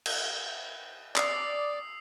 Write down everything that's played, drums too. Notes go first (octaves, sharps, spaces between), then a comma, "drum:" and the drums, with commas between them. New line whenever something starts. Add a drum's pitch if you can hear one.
drum: cymbal
D5 D#6 E6 C7, drum: clap